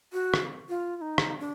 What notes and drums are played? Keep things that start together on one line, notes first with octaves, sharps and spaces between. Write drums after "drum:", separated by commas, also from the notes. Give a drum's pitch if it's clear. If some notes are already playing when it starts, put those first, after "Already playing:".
F#4
drum: rim click
F4
F4
D#4
drum: rim click
D4